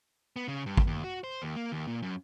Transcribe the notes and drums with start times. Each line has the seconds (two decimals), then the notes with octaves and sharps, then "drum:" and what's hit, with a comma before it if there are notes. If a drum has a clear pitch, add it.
0.36 B3
0.48 C#3
0.66 G2
0.77 drum: kick
0.87 D#2
1.04 F#4
1.24 C5
1.42 D#2
1.56 A#3
1.72 D#2
1.87 A#2
2.03 F#2